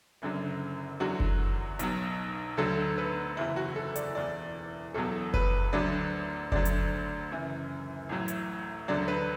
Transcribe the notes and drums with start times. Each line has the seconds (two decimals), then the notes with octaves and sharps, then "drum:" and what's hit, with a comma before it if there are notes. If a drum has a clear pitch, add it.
0.22 F#1 F#2 D3 F#3
1.00 E2 D3 F#3 F#4
1.20 drum: kick F#1
1.79 B1 B2 F#3, drum: hi-hat
2.57 D2 D3 F#3 A4
2.98 B4
3.37 F#1 E2 E3 E4
3.56 F#4
3.76 A4
3.96 D5, drum: hi-hat
4.15 E1 E2 E3 D5
4.94 E1 E2 B2 F#3 A4
5.34 B4, drum: kick F#1
5.73 D2 D3 F#3 D5
6.52 D2 D3 F#3 D5, drum: kick F#1
6.65 drum: hi-hat
7.31 F#1 F#2 E3
8.09 A1 A2 F#3
8.28 drum: hi-hat
8.88 E1 D2 D3 F#3 D5
9.08 B4